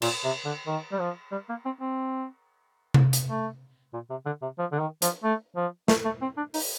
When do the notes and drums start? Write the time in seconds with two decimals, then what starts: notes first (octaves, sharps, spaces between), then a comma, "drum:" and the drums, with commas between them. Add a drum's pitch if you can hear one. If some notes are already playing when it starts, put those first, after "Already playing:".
0.02 A#2, drum: cymbal
0.24 C3
0.45 D3
0.67 D#3
0.92 G3
1.00 F3
1.32 G3
1.49 A#3
1.65 C4
1.81 C4
2.94 drum: tom C3
3.13 drum: hi-hat
3.27 A3
3.93 A#2
4.10 C3
4.26 D3
4.42 C3
4.58 F3
4.72 D3
4.79 D#3
5.02 F3, drum: hi-hat
5.23 A3
5.56 F3
5.88 A3, drum: snare
6.05 A3
6.22 C4
6.37 D4
6.54 D#4, drum: open hi-hat